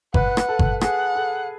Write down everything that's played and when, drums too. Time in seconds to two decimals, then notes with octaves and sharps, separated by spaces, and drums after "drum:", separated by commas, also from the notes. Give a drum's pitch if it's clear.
0.14 B4 F#5, drum: kick G1
0.37 drum: rim click
0.49 A4
0.59 drum: kick G1
0.81 G#4 F#5, drum: rim click
1.15 A4